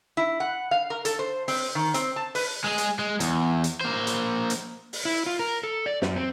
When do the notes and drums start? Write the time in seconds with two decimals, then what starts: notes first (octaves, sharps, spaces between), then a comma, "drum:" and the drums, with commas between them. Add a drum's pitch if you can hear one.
0.17 E4
0.40 F#5
0.71 F5
0.90 A#4
1.05 A4, drum: hi-hat
1.19 C5
1.48 C4, drum: open hi-hat
1.75 D#3
1.94 C4, drum: hi-hat
2.16 A5
2.35 B4, drum: open hi-hat
2.64 G#3 G#4
2.78 drum: hi-hat
2.99 G#3
3.20 E2, drum: hi-hat
3.64 drum: hi-hat
3.81 A#3 C5
4.07 drum: hi-hat
4.50 drum: hi-hat
4.93 drum: open hi-hat
5.05 E4
5.26 F4
5.39 A#4
5.63 A4
5.86 D5
6.02 F#2, drum: snare
6.16 C4